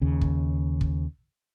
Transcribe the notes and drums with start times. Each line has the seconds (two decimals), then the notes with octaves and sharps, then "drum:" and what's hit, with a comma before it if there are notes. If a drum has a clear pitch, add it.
0.02 D#2 C#3
0.21 drum: kick
0.81 drum: kick